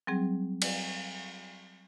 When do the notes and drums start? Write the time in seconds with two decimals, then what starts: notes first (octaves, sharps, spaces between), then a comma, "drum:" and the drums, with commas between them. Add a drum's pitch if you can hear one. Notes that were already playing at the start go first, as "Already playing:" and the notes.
0.07 F#3 G3 C4 G#4
0.62 drum: cymbal